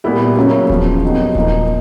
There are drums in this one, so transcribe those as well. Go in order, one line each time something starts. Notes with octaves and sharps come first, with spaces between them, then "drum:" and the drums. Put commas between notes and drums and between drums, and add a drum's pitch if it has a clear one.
A#2 G3 B3 E4 G4
C#3 F#3 A#3 C#4
E2 C#3 F3, drum: kick D#1
C3 D#3 F#3 B3 D#4
A#2 F3 A#3 D#4, drum: kick D#1